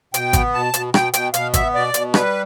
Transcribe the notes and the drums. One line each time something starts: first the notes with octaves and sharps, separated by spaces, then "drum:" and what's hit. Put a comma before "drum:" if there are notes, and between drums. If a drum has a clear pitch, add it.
B2 G5, drum: hi-hat
B3, drum: kick G#1, hi-hat
B2 A5
B2, drum: hi-hat
B2 G5, drum: rim click
B2 G5, drum: hi-hat
B2 F5, drum: hi-hat
B3 E5, drum: kick G#1, hi-hat
B2 D5
B2, drum: hi-hat
G3 B4, drum: rim click